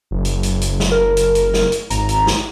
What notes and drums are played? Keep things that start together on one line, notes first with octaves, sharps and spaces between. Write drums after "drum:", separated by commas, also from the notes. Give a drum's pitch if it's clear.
F#1
drum: hi-hat
drum: hi-hat
drum: hi-hat
drum: snare
A#4
drum: hi-hat
drum: hi-hat
drum: snare
drum: hi-hat
G#1 A#5, drum: hi-hat
drum: hi-hat
drum: snare